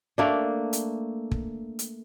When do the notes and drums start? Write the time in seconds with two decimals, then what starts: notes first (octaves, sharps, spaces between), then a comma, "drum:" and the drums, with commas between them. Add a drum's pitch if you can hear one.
0.18 A3 A#3 D4
0.73 drum: hi-hat
1.31 drum: kick
1.79 drum: hi-hat